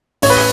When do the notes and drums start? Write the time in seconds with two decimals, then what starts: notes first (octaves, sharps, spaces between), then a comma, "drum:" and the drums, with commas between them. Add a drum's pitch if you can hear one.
0.22 A1 C#5, drum: open hi-hat
0.30 B4